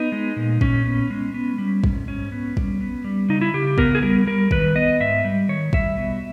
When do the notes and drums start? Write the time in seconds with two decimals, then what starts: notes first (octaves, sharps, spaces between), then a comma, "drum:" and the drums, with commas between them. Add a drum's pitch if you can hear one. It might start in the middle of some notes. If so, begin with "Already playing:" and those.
Already playing: B3 D#4
0.12 G#3
0.36 A#2
0.61 A#2 C#4, drum: kick
0.85 B3
1.10 G#3
1.34 B3
1.58 G3
1.84 G#2, drum: kick
2.08 G#2 C#4
2.32 B3
2.57 G3, drum: kick
2.81 B3
3.04 G3
3.29 C#3 D#4
3.41 E4
3.54 C#3 G4
3.78 B3 A#4, drum: kick
3.95 G#4
4.03 G3 A#4
4.27 G3 A#4
4.51 D#3 B4, drum: kick
4.75 B3 D#5
5.00 G#2 E5
5.24 G3
5.48 D#3 C#5
5.73 G3 E5, drum: kick
5.97 B2